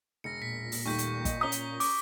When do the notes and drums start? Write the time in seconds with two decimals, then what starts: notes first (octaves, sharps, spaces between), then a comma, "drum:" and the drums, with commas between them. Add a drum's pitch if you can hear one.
0.24 E1 A#6 C#7
0.42 A#2 B6
0.72 drum: open hi-hat
0.86 D#2 G3 A3 C#6 G6 B6
0.98 drum: hi-hat
1.25 D#5, drum: kick, hi-hat
1.41 C#4 A#5 D#6 B6 G7
1.52 drum: hi-hat
1.80 D6, drum: open hi-hat